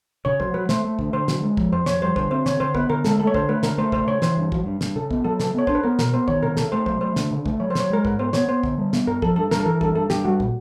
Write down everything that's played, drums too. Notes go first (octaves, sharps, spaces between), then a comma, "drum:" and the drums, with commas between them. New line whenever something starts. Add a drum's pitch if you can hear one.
C#3 C#5
F#3 C5, drum: kick
F#3 B4
A3 C5, drum: snare
A3
D3, drum: kick
D3 C5
F#3, drum: snare
G#3
F3, drum: kick
F2 C5
F3 C#5, drum: snare
G3 C5
D3 C5, drum: kick
C4 C5
D3 C#5, drum: snare
D3 C5
B3 B4, drum: kick
D3 A#4
G#3 A4, drum: snare
A3 A4
C#5
D3 C5, drum: kick
A3 B4
D3 A#4, drum: snare
A3 C5
C#3 C5, drum: kick
C#3 C#5
E3 C5, drum: snare
G2
F#3, drum: kick
G2
G2, drum: snare
C#3 A4
B3, drum: kick
F#3 A4
C#3 A4, drum: snare
B3 C#5
D4 C5, drum: kick
B4
B3 A#4
B2 A#4, drum: snare
B3 C5
D#3 C#5, drum: kick
C3 A#4
C3 A4, drum: snare
A3 C5
F#3 C5, drum: kick
A3 C5
D3, drum: snare
C#3
A3, drum: kick
F#3 C#5
C5
F#3 C#5, drum: snare
G#3 A#4
G#2 B4, drum: kick
B3 C5
B3 C#5, drum: snare
B3 C5
D3, drum: kick
G3
B3, drum: snare
G2 A#4
F3 A4, drum: kick
G2 A4
G2 A#4, drum: snare
A4
E3 A#4
G2 A4, drum: kick
G2 A4
G2 G4, drum: snare
G3 F#4
A#2, drum: kick